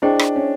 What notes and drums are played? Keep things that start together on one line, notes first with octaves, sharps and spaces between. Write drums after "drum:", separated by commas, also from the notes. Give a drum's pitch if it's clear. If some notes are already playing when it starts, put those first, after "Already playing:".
D4 E4 G#4 C5 D#5 G5
drum: rim click
C#4